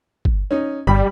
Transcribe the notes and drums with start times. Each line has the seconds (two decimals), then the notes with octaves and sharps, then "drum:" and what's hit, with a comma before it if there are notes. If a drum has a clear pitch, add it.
0.25 drum: kick G1
0.51 C#4 D#4
0.87 G1 G3 B5